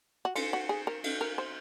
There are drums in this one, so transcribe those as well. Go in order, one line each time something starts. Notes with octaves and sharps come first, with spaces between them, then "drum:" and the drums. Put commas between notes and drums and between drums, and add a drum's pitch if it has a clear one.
F#4
F4, drum: cymbal
F#4
G#4
A#4
drum: cymbal
A#4
C5